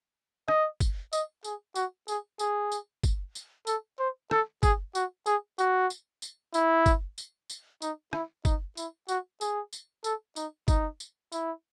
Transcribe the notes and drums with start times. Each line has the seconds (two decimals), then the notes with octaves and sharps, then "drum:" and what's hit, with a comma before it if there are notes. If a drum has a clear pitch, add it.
0.48 D#5, drum: rim click
0.80 drum: kick, tambourine
1.13 D#5, drum: tambourine
1.44 G#4, drum: tambourine
1.75 F#4, drum: tambourine
2.08 G#4, drum: tambourine
2.39 G#4, drum: tambourine
2.72 drum: tambourine
3.03 drum: kick, tambourine
3.35 drum: tambourine
3.67 A4, drum: tambourine
3.99 C5
4.31 A4, drum: rim click
4.63 G#4, drum: kick, tambourine
4.95 F#4, drum: tambourine
5.26 G#4, drum: tambourine
5.59 F#4, drum: tambourine
5.90 drum: tambourine
6.22 drum: tambourine
6.54 E4, drum: tambourine
6.86 drum: kick, tambourine
7.18 drum: tambourine
7.50 drum: tambourine
7.82 D#4, drum: tambourine
8.13 E4, drum: rim click
8.45 D#4, drum: kick, tambourine
8.77 E4, drum: tambourine
9.08 F#4, drum: tambourine
9.41 G#4, drum: tambourine
9.73 drum: tambourine
10.04 A4, drum: tambourine
10.36 D#4, drum: tambourine
10.68 D#4, drum: kick, tambourine
11.00 drum: tambourine
11.32 E4, drum: tambourine